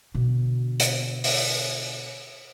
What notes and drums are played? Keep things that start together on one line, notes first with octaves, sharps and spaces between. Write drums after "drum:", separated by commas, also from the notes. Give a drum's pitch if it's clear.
B2 D3
drum: hi-hat
drum: open hi-hat